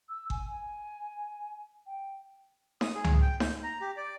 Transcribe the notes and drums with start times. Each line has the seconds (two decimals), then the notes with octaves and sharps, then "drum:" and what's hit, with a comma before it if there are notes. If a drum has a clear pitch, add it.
0.09 E6
0.30 G#5, drum: kick G1
0.49 G#5
1.86 G5
2.81 D#6, drum: snare D#4
2.95 G#4
3.04 drum: tom C#2
3.21 G5
3.40 G6, drum: snare D#4
3.63 A#5
3.81 G4
3.97 D5